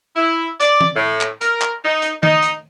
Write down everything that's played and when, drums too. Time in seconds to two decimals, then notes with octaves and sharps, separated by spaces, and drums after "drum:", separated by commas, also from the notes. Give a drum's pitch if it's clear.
0.16 E4
0.60 D5, drum: hi-hat
0.81 drum: tom E3
0.96 A2
1.21 drum: clap
1.41 A#4, drum: hi-hat
1.62 drum: clap
1.85 D#4
2.02 drum: hi-hat
2.23 D#4, drum: tom D#3
2.42 drum: hi-hat